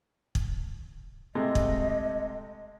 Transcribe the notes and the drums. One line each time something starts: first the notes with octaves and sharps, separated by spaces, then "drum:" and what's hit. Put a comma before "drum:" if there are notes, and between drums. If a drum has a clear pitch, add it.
drum: kick
C3 G#3 A3 D#5
drum: kick